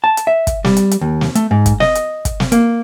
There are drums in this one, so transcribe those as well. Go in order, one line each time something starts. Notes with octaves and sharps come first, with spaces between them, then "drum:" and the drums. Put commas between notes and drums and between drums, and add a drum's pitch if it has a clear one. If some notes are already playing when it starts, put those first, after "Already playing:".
A5
drum: hi-hat
E5
drum: kick, hi-hat
G3, drum: snare
drum: hi-hat
drum: hi-hat
D#2
drum: snare
A3, drum: hi-hat
G#2
drum: kick, hi-hat
D#5, drum: snare
drum: hi-hat
drum: kick, hi-hat
drum: snare
A#3, drum: hi-hat